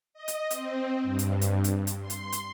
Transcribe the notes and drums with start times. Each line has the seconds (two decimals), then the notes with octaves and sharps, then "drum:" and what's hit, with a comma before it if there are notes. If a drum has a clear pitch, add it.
0.14 D#5
0.28 drum: hi-hat
0.50 C4, drum: hi-hat
1.03 G2
1.19 drum: hi-hat
1.41 drum: hi-hat
1.64 drum: hi-hat
1.87 drum: hi-hat
2.00 C6
2.10 drum: hi-hat
2.32 drum: hi-hat